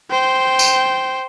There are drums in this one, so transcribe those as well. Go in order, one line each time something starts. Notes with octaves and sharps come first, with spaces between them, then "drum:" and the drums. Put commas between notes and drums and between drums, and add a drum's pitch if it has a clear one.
C5 G5
drum: tambourine